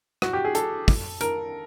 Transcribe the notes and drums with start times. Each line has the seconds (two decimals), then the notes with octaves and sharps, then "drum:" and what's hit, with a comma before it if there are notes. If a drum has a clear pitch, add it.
0.22 F#4, drum: rim click
0.33 G4
0.44 G#4
0.55 A4, drum: hi-hat
0.88 drum: kick, open hi-hat
1.21 A#4, drum: hi-hat